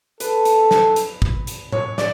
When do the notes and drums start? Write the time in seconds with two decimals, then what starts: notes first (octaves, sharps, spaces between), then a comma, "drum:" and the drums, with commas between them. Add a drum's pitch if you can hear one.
0.20 A4 B4, drum: hi-hat
0.45 drum: hi-hat
0.71 drum: snare
0.96 drum: hi-hat
1.22 drum: kick
1.47 drum: hi-hat
1.72 C#5, drum: tom A2
1.98 D5, drum: snare